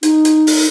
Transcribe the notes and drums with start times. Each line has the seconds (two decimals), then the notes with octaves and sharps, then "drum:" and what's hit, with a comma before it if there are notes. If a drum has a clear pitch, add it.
0.03 D#4, drum: hi-hat
0.25 drum: hi-hat
0.47 drum: open hi-hat